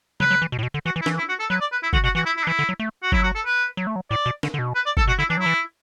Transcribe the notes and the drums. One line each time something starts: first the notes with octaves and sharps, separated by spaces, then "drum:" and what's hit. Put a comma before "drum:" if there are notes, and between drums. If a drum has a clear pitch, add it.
F#3 B4, drum: tom C#3
F#3
E3
B2
A2
B2
D3
E3 F#4
E3
E4
E3, drum: snare
E4
F#4
A4
F#3 B4
D5
B4
E4
D3 F#4, drum: kick
B2 F#4
E3 F#4
E4
E4
D4
E3 E4
D3
F#3
A3
F#4
F#3 E4, drum: kick
F#4
A4
B4
F#3
A3
F#3
A2 D5
B2
D3, drum: snare
D3
B2
B4
D5
A4, drum: kick
B2 F#4
D3 E4
E3 D4
F#3 E4
E3